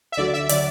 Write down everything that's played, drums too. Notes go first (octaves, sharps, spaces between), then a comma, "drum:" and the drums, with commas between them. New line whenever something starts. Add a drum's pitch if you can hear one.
E5
D2 D3 F#3 D5
E5
D3 F#3 D5, drum: hi-hat